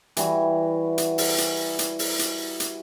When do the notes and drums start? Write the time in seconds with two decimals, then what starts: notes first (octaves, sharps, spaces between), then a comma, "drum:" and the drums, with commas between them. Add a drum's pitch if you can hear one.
0.17 E3 G3 E4 F#4, drum: hi-hat
0.98 drum: hi-hat
1.18 drum: open hi-hat
1.38 drum: hi-hat
1.79 drum: hi-hat
1.99 drum: open hi-hat
2.19 drum: hi-hat
2.60 drum: hi-hat